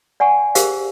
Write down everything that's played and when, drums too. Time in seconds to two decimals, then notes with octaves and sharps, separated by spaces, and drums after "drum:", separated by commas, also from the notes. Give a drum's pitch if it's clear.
0.20 D5 F#5 G#5 C#6
0.55 G4 G#4 A#4 C5 F5, drum: hi-hat